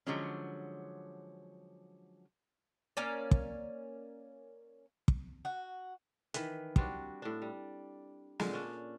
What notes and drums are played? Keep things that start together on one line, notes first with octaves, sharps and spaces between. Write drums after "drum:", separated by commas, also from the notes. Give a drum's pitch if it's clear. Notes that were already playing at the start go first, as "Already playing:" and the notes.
D3 F3 F#3 G#3 C#4
A#3 C#4 D5
drum: kick
drum: kick
F#4
D#3 E3 B4, drum: hi-hat
G3 C4 D4 F#4, drum: kick
A2 D4
G3
A#2 D3 G#3, drum: snare
C#4 D4